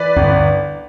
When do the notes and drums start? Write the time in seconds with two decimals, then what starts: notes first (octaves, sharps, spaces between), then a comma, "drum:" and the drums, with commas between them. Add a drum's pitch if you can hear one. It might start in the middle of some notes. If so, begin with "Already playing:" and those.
Already playing: E3 B4 D5
0.17 G1, drum: kick